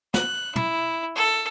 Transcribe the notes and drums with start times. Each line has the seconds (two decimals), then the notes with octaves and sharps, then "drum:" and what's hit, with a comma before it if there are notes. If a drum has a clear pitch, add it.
0.14 F#6, drum: snare
0.56 E4, drum: tom
1.16 A4